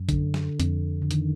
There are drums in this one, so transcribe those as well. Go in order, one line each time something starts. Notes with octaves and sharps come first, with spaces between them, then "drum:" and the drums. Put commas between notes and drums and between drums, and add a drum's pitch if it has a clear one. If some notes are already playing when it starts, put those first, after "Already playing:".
Already playing: F#2
D3, drum: kick, hi-hat
drum: snare
F2, drum: hi-hat
D3
D#3, drum: hi-hat